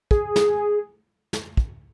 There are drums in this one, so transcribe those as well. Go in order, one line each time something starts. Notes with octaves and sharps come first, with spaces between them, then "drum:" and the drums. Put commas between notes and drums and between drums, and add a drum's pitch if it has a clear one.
G#4, drum: kick
drum: snare
drum: snare
drum: kick